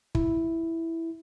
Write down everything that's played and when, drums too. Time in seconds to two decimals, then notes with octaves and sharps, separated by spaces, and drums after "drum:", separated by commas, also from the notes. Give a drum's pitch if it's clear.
0.15 E4, drum: kick